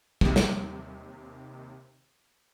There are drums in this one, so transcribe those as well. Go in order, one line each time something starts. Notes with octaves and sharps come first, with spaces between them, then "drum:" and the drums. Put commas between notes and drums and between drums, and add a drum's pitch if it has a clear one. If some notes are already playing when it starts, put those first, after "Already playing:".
D#2 C3, drum: kick
drum: snare